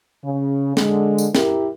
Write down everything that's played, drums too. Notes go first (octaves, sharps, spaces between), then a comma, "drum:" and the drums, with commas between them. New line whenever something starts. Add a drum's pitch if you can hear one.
C#3
D3 G#3, drum: snare
drum: tambourine
E4 G4 A#4, drum: snare